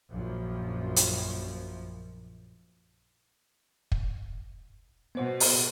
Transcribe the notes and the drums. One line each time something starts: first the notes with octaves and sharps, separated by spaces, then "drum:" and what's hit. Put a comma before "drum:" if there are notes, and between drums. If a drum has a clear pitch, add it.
A#1 F#2 F3
drum: hi-hat
drum: kick
B2 B3 C5 F#5
drum: open hi-hat